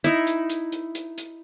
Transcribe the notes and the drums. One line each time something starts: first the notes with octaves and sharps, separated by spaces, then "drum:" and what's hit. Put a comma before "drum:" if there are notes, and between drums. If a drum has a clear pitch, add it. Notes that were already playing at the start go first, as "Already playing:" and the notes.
D#4 E4, drum: hi-hat
drum: hi-hat
drum: hi-hat
drum: hi-hat
drum: hi-hat
drum: hi-hat